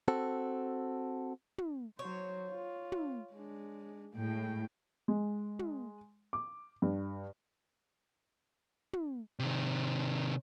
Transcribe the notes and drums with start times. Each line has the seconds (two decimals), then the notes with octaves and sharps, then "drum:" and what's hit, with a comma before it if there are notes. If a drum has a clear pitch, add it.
0.08 C4 F#4 A4
1.58 drum: tom
1.99 F#3 C5 C#5
2.50 F4
2.92 drum: tom
3.33 G#3 D4
4.16 A2 G#3 G5
5.08 G#3
5.59 drum: tom
6.33 D6
6.82 G2
8.93 drum: tom
9.39 C3 D#3